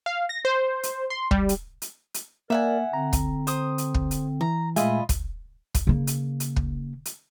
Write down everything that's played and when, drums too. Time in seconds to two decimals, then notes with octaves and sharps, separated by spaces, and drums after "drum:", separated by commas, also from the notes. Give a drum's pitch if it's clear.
0.06 F5
0.29 A#6
0.45 C5
0.83 drum: hi-hat
1.10 C6
1.31 G3, drum: kick
1.49 drum: hi-hat
1.82 drum: hi-hat
2.14 drum: hi-hat
2.50 A#3 A#4 D5 E5 F#5 G#5
2.93 D3 C4 A#5
3.13 drum: kick, hi-hat
3.47 C5 D#6, drum: hi-hat
3.78 drum: hi-hat
3.94 drum: kick
4.11 drum: hi-hat
4.41 E3 A#5
4.76 A#2 G#3 A3 F4 D#5 E5 G#5 B5, drum: hi-hat
5.09 drum: kick, hi-hat
5.75 drum: kick, hi-hat
5.87 C#3 A#3
6.07 drum: hi-hat
6.40 drum: hi-hat
6.56 drum: kick
7.05 drum: hi-hat